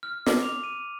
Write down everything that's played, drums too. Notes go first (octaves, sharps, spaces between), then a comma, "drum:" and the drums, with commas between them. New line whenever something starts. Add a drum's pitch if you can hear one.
F6
D6, drum: snare
F7
D#7